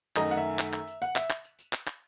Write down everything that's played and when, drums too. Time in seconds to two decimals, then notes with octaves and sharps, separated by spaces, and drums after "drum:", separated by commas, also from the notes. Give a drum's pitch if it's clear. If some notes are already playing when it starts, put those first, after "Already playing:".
0.16 F#2 D#3 A3 D#5, drum: clap
0.31 F#5, drum: tambourine
0.37 E5
0.59 drum: clap
0.73 drum: clap
0.87 drum: tambourine
1.02 F#5, drum: tambourine
1.16 E5, drum: clap
1.30 drum: clap
1.44 drum: tambourine
1.59 drum: tambourine
1.73 drum: clap
1.87 drum: clap